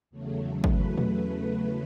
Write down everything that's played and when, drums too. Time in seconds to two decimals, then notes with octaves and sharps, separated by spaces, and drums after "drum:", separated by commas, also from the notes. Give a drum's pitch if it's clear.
0.11 E2 C#3 F#3 A3
0.64 B4, drum: kick
0.98 drum: tom A#2